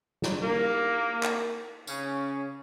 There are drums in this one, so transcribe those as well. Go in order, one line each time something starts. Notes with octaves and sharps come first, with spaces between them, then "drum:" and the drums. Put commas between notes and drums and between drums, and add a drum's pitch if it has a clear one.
drum: snare
A#3, drum: cymbal
drum: clap
C#3 C#4, drum: tambourine